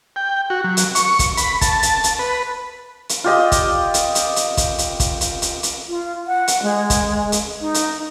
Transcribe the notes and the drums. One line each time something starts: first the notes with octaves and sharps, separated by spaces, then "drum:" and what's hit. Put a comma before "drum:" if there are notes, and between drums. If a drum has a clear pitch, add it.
G5
F#4
F#3
drum: hi-hat
C#6, drum: hi-hat
drum: kick, hi-hat
B5, drum: hi-hat
A5, drum: kick, hi-hat
drum: hi-hat
drum: hi-hat
B4
drum: hi-hat
F4 G4 D#5
drum: kick, hi-hat
drum: hi-hat
drum: hi-hat
drum: hi-hat
drum: kick, hi-hat
drum: hi-hat
drum: kick, hi-hat
drum: hi-hat
drum: hi-hat
drum: hi-hat
F4
F#5
drum: hi-hat
G#3
drum: kick, hi-hat
drum: hi-hat
D#4
drum: hi-hat